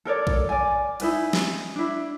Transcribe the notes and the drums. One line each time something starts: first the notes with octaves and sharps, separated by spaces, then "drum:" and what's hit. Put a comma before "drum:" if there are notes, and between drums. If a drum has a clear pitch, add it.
A4 A#4 C#5 D5
drum: kick A#1
D5 G#5
D#4 E4 B4 G#5, drum: cymbal
drum: snare
D4 E4